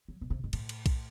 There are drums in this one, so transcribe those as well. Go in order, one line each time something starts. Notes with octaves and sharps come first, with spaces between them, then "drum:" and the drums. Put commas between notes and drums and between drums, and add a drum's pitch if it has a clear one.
F#3
B2
C3
G#2
A2, drum: cymbal
drum: cymbal
drum: kick B1, cymbal